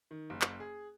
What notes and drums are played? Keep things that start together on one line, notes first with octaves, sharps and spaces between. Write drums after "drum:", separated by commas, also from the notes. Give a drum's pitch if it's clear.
D#3
F#1
drum: clap
G#4